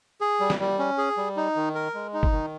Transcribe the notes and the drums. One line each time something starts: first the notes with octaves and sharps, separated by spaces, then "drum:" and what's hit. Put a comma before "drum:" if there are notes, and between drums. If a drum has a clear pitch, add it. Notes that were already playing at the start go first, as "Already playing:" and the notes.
G#4
G3
drum: snare
G3
C#4
G#4
G3
D#4
D#3
A#4
G#3
D#4
drum: kick G1
D#3